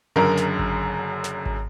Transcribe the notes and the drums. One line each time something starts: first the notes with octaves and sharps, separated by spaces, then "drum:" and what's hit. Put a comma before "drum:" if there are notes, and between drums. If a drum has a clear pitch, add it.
F#1 F#2 D3 A#4
drum: snare
drum: kick G#1
drum: snare
drum: kick G#1